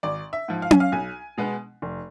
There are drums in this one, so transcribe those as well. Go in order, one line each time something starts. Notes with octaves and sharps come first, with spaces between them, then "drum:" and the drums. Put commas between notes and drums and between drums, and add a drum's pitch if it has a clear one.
G#1 D5
E5
G#2 F3
F5
G#5, drum: tom C#4
F5
B1 G#5
B2 G#3 B3
F1